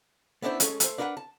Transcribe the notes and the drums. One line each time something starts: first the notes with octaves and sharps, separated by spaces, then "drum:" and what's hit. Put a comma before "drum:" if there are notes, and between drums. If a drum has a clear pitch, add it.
B3 C#4 D4 E4 C5
G#3 A3 C#4, drum: hi-hat
A3 C5, drum: hi-hat
D4 A#4 B4 E5 F#5
A5